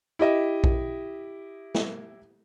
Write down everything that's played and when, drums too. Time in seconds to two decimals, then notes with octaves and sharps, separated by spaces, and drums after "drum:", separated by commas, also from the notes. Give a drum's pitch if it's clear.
0.19 E4 G4 D#5 E5
0.64 drum: kick A#1
1.75 drum: snare